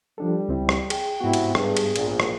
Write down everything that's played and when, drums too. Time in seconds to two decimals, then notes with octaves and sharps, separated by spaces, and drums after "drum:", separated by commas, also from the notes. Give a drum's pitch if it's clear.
0.18 F3 G3 D4 A4
0.49 C#2 C4 E4
0.69 drum: rim click
0.90 G#4 G5, drum: cymbal
1.21 G#2 C3 B3 E4 F#4
1.33 drum: cymbal
1.55 G2 G#4, drum: rim click
1.77 drum: cymbal
1.96 A#1 A#2, drum: cymbal
2.20 drum: rim click